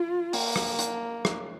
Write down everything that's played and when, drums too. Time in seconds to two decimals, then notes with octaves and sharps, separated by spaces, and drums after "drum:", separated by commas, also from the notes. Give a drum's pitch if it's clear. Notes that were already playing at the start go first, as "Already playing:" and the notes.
Already playing: F4
0.33 A#3, drum: open hi-hat
0.56 drum: rim click
0.79 drum: hi-hat
1.25 drum: rim click